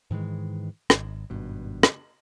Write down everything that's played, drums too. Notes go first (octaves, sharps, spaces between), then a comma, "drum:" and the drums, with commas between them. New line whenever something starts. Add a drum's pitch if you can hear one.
G#2 D#3 E3 G#3
G#1, drum: rim click
G#1 G2 B2
drum: rim click